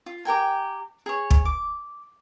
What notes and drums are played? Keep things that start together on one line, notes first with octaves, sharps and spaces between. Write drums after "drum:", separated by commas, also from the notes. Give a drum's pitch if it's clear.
F4
G4 A#4 G5 G#5
G#4 C#5
drum: kick
D6